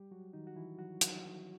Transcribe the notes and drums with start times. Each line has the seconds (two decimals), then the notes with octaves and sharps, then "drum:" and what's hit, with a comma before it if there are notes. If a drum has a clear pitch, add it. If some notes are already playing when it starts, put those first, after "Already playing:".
Already playing: G3 G4
0.11 F#3 F#4
0.33 D#3 D#4
0.47 F#4
0.56 E3 E4
0.79 F#3 F#4
1.01 F#3 F#4, drum: hi-hat